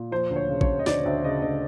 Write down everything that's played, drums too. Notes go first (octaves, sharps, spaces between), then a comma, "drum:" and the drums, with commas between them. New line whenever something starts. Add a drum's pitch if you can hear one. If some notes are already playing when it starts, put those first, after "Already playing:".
Already playing: A#2
F3 C5
D2
C#5
C#3
C#5, drum: kick A1
C#3
D#5
D2 D5, drum: snare
D2 E5
C#3 D#5
D2 D#5